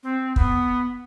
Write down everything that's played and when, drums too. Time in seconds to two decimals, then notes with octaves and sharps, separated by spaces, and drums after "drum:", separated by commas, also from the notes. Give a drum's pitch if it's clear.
0.03 C4
0.36 B3, drum: kick